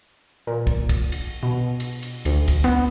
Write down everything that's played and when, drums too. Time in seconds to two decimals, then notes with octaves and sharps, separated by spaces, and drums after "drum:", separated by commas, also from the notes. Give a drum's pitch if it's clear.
0.47 A#2
0.67 drum: kick
0.89 drum: kick, cymbal
1.12 drum: cymbal
1.43 B2
1.80 drum: cymbal
2.03 drum: cymbal
2.25 D2, drum: cymbal
2.48 drum: kick, cymbal
2.64 B3